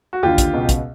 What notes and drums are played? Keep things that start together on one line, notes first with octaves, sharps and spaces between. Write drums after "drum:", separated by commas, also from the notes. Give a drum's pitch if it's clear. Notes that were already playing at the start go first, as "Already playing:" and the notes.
F#4
D#2 D3 F4 G4
drum: kick, hi-hat
C#2 B2
drum: kick, hi-hat